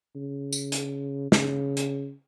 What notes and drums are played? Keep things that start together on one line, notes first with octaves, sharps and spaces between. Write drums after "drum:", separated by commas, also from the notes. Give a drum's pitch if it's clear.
C#3
drum: tambourine
drum: hi-hat
C#3, drum: snare
drum: hi-hat